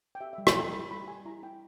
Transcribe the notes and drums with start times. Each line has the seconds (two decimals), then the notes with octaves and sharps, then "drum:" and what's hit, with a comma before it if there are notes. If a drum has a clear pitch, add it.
0.15 G5
0.21 G4 E5
0.33 E5
0.38 G3
0.47 B5, drum: rim click
0.55 G4 A#5
0.73 E4 B5
0.91 G3 B5
1.08 G4 G#5
1.25 E4 A#5
1.43 E4 G5